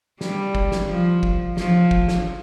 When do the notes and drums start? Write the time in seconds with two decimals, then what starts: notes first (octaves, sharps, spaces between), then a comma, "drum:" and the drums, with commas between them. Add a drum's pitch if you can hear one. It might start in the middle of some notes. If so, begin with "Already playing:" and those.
0.21 G3, drum: snare
0.55 drum: kick
0.72 drum: snare
0.88 F3
1.23 drum: kick
1.57 F3, drum: snare
1.91 drum: kick
2.08 drum: snare